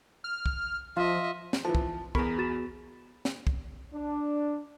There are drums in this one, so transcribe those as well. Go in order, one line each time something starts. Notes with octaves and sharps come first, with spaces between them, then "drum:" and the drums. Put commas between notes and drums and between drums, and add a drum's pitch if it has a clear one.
F6
drum: kick
F3 F4 D#5 E5
drum: snare
E3 F3 A5
drum: kick
E2 B3 G#4 A#4 B5 C#6, drum: kick
F#4 A6 E7
drum: snare
drum: kick
D4